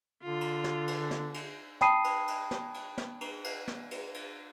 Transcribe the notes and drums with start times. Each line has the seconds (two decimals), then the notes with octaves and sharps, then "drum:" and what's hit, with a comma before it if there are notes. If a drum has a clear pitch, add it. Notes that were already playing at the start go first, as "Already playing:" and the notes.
0.23 D3 F4
0.41 drum: cymbal
0.64 drum: snare
0.87 drum: cymbal
1.11 drum: snare
1.34 drum: cymbal
1.81 G5 A5 B5 D#6 C7 D#7, drum: snare
2.04 drum: cymbal
2.28 drum: cymbal
2.51 drum: snare
2.74 drum: cymbal
2.98 drum: snare
3.21 drum: cymbal
3.44 drum: cymbal
3.68 drum: snare
3.91 drum: cymbal
4.14 drum: cymbal